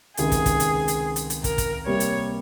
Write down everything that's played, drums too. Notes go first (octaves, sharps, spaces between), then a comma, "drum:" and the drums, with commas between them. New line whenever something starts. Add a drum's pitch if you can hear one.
C#2 C3 D#3 G#4, drum: hi-hat
drum: kick, hi-hat
drum: kick, hi-hat
drum: hi-hat
drum: hi-hat
drum: hi-hat
drum: hi-hat
A#4, drum: kick, hi-hat
drum: kick, hi-hat
C3 G3 A#3 C#5
drum: hi-hat